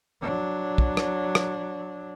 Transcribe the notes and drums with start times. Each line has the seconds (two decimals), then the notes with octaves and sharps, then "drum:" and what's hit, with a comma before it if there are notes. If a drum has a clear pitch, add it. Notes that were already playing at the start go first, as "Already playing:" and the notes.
0.21 F#3 D4
0.78 drum: kick
0.97 drum: rim click
1.35 drum: rim click